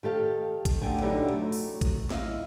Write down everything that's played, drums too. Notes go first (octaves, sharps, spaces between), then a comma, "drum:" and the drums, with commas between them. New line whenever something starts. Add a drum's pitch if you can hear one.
D#3 G4 A4 F5
drum: kick, hi-hat
D2 D3 G5 G#5
B2 D3 F#3 D#4 E4 G4
F#3 A3
drum: open hi-hat
drum: kick, hi-hat
E4 D#5 F5, drum: snare